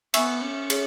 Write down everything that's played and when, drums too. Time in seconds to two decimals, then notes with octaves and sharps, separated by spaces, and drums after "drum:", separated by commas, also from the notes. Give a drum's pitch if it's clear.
0.14 B3 E5 G#5 C#6 E6, drum: cymbal
0.42 C#4
0.70 G#4 C#5, drum: cymbal